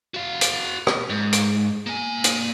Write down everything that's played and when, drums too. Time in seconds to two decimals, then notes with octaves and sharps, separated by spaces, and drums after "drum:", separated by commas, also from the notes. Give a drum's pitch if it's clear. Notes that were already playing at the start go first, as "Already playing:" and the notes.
0.14 F#4 F5
0.41 drum: hi-hat
0.87 drum: rim click
1.10 G#2
1.33 drum: hi-hat
1.87 A#3 G#5
2.24 drum: hi-hat